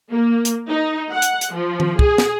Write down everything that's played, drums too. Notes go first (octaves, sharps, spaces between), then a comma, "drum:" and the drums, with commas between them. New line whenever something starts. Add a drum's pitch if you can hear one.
A#3
drum: hi-hat
D#4
F#5
drum: hi-hat
drum: hi-hat
F3
drum: tom D#3
G#4, drum: kick
drum: snare